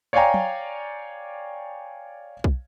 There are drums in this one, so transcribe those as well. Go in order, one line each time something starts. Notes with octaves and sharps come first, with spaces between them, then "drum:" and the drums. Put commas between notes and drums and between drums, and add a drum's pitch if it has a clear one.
C#5 D5 F5 G5 G#5 A#5
drum: tom
drum: kick